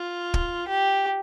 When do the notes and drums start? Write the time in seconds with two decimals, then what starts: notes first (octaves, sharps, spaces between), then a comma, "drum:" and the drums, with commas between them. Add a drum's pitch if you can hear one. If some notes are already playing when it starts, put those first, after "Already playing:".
Already playing: F4
0.34 drum: kick
0.68 G4